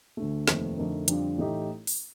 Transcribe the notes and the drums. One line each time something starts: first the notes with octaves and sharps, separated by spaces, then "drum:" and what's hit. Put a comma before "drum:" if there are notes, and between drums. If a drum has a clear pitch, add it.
D2 D3 A3
F1 D#2 D#3 A3 C4, drum: snare
F2 D3 A3 D#4 A#4
F2 D3 G3 D4 F4, drum: hi-hat
A1 A2 A3 D#4 G4
drum: open hi-hat